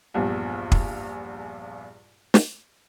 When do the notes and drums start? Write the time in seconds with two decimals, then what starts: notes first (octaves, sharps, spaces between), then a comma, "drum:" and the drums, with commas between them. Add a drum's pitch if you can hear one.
0.14 A#1 E2 G2
0.72 drum: kick
2.34 drum: snare